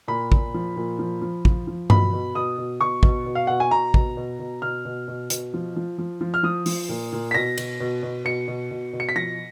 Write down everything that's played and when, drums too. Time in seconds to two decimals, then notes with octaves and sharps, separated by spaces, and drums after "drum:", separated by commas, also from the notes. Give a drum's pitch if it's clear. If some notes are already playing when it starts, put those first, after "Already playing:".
0.08 A#2 B5
0.32 A#2, drum: kick
0.54 F3
0.76 A#2
0.99 F3
1.21 F3
1.45 F3, drum: kick
1.67 F3
1.90 B2 B5, drum: tom G2
2.13 B2
2.35 B2 D#6
2.58 B2
2.80 B2 C#6
3.03 B2, drum: kick
3.26 B2
3.35 F5
3.47 B2 F#5
3.60 G#5
3.71 B2 A#5
3.94 B2, drum: kick
4.17 B2
4.39 B2
4.62 B2 F6
4.85 B2
5.08 B2
5.30 B2, drum: hi-hat
5.54 F3
5.76 F3
5.98 F3
6.21 F3
6.34 F6
6.43 F3 D#6
6.66 F3, drum: open hi-hat
6.89 A#2
7.12 A#2
7.31 B6
7.34 B2 A#6
7.58 B2, drum: cymbal
7.80 B2
8.03 B2
8.25 B2 C#7
8.48 B2
8.71 B2
8.93 B2
9.00 C#7
9.09 B6
9.16 F3 A#6